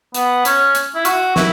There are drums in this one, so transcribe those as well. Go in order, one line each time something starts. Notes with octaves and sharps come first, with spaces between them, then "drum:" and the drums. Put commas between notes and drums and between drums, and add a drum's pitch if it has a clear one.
B3, drum: hi-hat
C#4, drum: hi-hat
drum: hi-hat
E4
F#4, drum: hi-hat
E4, drum: snare